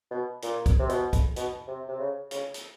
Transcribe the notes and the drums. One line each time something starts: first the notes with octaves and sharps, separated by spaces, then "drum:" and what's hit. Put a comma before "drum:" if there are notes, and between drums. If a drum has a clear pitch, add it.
B2
A#2, drum: hi-hat
drum: kick, hi-hat
C3
B2, drum: hi-hat
drum: kick, hi-hat
B2, drum: hi-hat
C3
C3
C#3
C#3, drum: hi-hat
drum: hi-hat